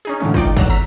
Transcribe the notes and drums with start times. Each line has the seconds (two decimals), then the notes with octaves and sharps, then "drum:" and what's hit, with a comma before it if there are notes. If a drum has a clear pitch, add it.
0.05 C#4 D#4 G#4
0.20 A2 D3 E3 G#3 A3 C#4
0.34 D#4 F4 D5 G5, drum: kick
0.57 E2 A2 F#3 A#5 F#6 E7, drum: kick, cymbal
0.70 A#5 E6 B6